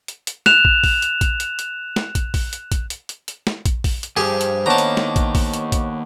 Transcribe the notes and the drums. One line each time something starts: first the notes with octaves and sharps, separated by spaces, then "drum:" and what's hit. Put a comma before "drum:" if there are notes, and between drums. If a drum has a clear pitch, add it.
drum: hi-hat
drum: hi-hat
F#6 E7 F7, drum: snare
drum: kick
drum: kick, open hi-hat
drum: hi-hat
drum: kick, hi-hat
drum: hi-hat
drum: hi-hat
drum: snare
drum: kick, hi-hat
drum: kick, open hi-hat
drum: hi-hat
drum: kick, hi-hat
drum: hi-hat
drum: hi-hat
drum: hi-hat
drum: snare
drum: kick, hi-hat
drum: kick, open hi-hat
drum: hi-hat
G2 F3 G4 G#4
drum: hi-hat
D#3 A#3 B3 D4 D#4 C#5 A5 A#5
drum: hi-hat
drum: snare
drum: kick, hi-hat
drum: kick, open hi-hat
drum: hi-hat
drum: kick, hi-hat